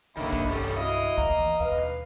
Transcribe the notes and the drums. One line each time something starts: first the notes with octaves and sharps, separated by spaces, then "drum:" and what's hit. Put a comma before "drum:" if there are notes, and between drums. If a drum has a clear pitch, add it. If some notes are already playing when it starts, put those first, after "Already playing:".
C2 G2 D3 D#3 A#3 E5 B5
drum: kick G#1
G3 A3 C#4
A4
F#3 E4 D#5 F5
D2 F5 A#5, drum: kick G#1
drum: tom E3
D#2 B4 F5
drum: tom B2